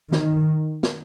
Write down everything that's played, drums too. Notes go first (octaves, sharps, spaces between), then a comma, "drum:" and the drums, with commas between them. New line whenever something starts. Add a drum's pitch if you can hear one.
D#3, drum: snare
drum: snare